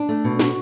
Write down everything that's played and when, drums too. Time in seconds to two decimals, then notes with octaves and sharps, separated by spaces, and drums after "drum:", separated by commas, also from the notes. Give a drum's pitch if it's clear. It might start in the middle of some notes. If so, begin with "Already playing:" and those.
Already playing: D4
0.09 A3
0.24 B2
0.39 F#4, drum: snare